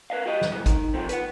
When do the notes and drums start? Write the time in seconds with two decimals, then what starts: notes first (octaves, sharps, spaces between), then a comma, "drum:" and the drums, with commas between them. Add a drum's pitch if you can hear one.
0.10 A#4 B4 D#5 F5
0.26 F#4 G4 D#5
0.41 drum: snare
0.51 G#2 B2 E3 B3
0.66 D#3, drum: kick G#1, hi-hat
0.94 C3 D#3 F3 A3 C4
1.09 B4 C#5 F#5, drum: hi-hat